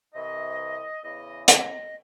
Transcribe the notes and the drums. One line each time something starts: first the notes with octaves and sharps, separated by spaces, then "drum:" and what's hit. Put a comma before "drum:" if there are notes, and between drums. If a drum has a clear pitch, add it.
C2 C3 E3 D#5
E2 C#3 E3 D#5
D#5, drum: hi-hat